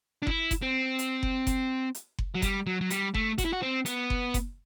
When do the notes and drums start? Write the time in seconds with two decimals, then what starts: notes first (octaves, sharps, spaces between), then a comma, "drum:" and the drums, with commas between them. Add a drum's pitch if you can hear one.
0.22 D4
0.27 E4, drum: kick F#1
0.51 drum: kick F#1, hi-hat
0.62 C4
0.99 drum: hi-hat
1.23 drum: kick F#1
1.47 drum: kick F#1, hi-hat
1.95 drum: hi-hat
2.18 drum: kick F#1
2.35 F#3
2.42 G3, drum: kick F#1, hi-hat
2.67 F#3
2.81 F#3
2.90 G3, drum: hi-hat
3.14 A3, drum: kick F#1
3.38 F#4, drum: kick F#1, hi-hat
3.45 E4
3.53 F#4
3.62 C4
3.86 B3, drum: hi-hat
4.10 drum: kick F#1
4.34 drum: kick F#1, hi-hat